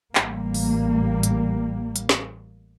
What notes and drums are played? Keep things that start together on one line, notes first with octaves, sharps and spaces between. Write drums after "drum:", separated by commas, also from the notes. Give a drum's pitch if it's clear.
A1 G3 A#3, drum: clap
drum: open hi-hat
drum: hi-hat
drum: hi-hat
drum: snare